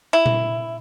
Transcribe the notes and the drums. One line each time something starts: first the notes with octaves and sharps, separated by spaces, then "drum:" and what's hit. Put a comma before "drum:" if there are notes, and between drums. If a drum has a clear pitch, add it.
E4
drum: tom A#2